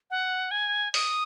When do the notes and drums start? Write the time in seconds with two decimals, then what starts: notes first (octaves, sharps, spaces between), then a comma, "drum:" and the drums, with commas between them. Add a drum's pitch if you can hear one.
0.11 F#5
0.51 G#5
0.94 D#6, drum: open hi-hat